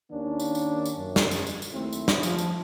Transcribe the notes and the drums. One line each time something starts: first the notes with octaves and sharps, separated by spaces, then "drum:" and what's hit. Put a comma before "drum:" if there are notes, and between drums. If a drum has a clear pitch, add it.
D#2 D#3 A#3 C#4 D4
drum: tambourine
drum: tambourine
drum: tambourine
F#2
drum: snare
drum: tambourine
drum: tambourine
drum: tambourine
D#2 A3 C4 E4
drum: tambourine
drum: snare
F3, drum: tambourine
drum: tambourine